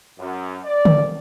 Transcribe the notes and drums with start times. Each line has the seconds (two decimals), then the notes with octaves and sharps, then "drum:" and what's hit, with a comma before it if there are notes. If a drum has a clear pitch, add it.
0.19 F#2
0.64 D5
0.85 drum: tom D3